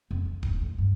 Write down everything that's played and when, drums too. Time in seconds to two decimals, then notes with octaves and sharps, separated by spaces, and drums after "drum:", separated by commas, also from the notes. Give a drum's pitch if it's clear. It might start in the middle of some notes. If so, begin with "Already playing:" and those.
0.11 F2
0.25 D4
0.43 D#2, drum: kick D1
0.62 A2
0.78 G2